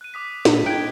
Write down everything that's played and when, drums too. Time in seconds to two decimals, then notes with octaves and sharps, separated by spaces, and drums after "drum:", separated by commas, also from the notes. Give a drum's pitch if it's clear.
0.01 F#6 D#7
0.14 D6 D#6 B6
0.45 A#2, drum: snare
0.66 D#4 G5 F#6 G#6